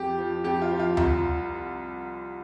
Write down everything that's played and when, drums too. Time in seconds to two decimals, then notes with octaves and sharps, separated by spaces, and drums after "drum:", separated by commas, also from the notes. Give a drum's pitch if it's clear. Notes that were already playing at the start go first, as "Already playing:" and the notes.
Already playing: F2 G4
0.18 F3
0.44 F2 G4
0.62 F4
0.71 F3
0.80 F4
0.97 C2 F4, drum: tom D#2